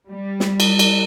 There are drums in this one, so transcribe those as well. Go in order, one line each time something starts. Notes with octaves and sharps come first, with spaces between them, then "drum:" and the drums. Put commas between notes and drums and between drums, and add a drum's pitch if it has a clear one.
G3
drum: snare
drum: cymbal
drum: cymbal